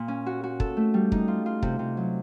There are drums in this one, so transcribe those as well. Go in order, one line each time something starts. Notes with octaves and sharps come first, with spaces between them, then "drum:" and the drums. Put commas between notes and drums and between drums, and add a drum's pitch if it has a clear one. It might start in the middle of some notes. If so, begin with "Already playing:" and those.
Already playing: A#2
C#4
F#4
F#4
A4, drum: kick
A3
G3
D#4, drum: kick
F4
F4
C3, drum: kick
C3
F#3